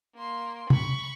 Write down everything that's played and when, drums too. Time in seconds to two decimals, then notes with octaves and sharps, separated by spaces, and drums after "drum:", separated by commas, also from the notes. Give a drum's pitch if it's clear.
0.16 A#3 C6
0.70 B5 C#6, drum: tom C3